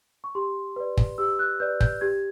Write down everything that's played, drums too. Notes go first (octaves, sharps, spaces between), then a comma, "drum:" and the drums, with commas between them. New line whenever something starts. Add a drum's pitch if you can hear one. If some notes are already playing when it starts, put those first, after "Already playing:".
C#6
G4 C6
B4 D5
drum: kick
G4 E6
F#6
B4 D5 G6
G6, drum: kick
G4 G#6